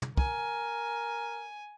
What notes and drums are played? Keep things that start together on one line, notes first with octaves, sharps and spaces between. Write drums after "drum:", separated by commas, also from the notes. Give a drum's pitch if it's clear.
drum: tom
A#4 G#5, drum: kick